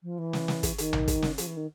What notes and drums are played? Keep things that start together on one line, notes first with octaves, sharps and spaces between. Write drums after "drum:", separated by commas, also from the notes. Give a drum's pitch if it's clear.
F3
E3
drum: snare
drum: snare
drum: kick, hi-hat
D#3, drum: hi-hat
drum: tom A#1
drum: kick, hi-hat
drum: snare
F3, drum: hi-hat
E3
D#3